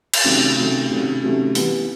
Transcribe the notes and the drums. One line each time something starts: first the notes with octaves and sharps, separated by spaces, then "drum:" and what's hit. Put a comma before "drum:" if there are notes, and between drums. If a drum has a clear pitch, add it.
drum: cymbal
C3 D#3 F#3 A3 C#4
C3 D#3 F#3 A3 C#4
C3 D#3 F#3 A3 C#4
C3 D#3 F#3 A3 C#4
E3 G3 B3, drum: open hi-hat